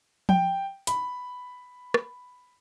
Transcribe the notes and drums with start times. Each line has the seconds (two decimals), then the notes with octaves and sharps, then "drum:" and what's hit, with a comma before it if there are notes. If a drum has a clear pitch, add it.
0.29 G5, drum: tom F3
0.87 B5, drum: hi-hat
1.94 drum: rim click